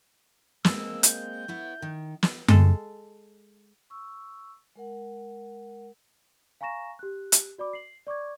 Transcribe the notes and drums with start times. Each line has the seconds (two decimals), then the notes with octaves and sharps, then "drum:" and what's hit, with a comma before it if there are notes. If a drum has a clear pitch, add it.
0.65 G#3 A#3 C4 E6, drum: snare
1.03 G6, drum: hi-hat
1.48 B3 E4 C#5
1.82 D#3
2.23 drum: snare
2.48 G#3 A4, drum: tom F#2
3.90 C#6 E6
4.76 G#3 A#4 F#5
6.61 F5 G#5 A#5 C#6 A#6 E7
6.99 G4 F#6
7.32 drum: hi-hat
7.58 F#4 D5 B5 D6
7.73 C7 F#7
8.07 D5 C#6 D6 G#6